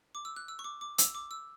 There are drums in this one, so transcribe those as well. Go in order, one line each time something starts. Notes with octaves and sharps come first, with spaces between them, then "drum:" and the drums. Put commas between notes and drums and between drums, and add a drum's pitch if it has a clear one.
D6
E6
F#6
E6
C#6
D6
D6
E6, drum: hi-hat
D6
E6